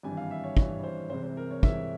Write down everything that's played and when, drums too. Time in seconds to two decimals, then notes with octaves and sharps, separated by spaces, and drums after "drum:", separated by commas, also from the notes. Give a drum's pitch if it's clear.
0.03 G#1 G2 E3 G3 G#5
0.17 F5
0.31 E5
0.44 C#5
0.57 G#1 G2 E3 G3 C#5, drum: kick
0.84 C5
1.10 C2 C3 E3 G#3 C5
1.23 C5
1.37 A#4
1.51 C#5
1.63 C2 C3 E3 G#3 E5, drum: kick